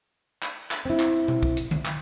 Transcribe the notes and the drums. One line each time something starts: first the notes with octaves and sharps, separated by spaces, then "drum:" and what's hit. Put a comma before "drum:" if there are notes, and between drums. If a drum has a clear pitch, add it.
drum: clap
drum: clap
C4 E4
drum: clap
drum: tom B2
drum: kick
drum: hi-hat
drum: tom D3
drum: clap